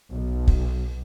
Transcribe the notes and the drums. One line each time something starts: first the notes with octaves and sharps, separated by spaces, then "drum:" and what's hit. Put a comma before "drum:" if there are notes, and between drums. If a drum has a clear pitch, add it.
B1
drum: kick